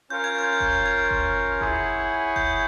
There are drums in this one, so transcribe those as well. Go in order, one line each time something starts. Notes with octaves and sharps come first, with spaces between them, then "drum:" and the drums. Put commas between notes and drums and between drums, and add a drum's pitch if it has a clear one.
C#4 F4 A#4 C#5 F5 G6
G#6
G6
drum: kick F#1
G#6
drum: kick F#1
E4 G#4 C#5 F#5, drum: kick F#1
G6, drum: kick F#1